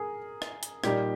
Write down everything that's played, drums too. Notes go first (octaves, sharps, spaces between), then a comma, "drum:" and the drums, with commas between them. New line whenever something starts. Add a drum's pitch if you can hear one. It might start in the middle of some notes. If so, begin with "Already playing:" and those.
Already playing: G#4 A#4
drum: rim click
drum: hi-hat
A#2 G3 A#3 D#4 G4, drum: rim click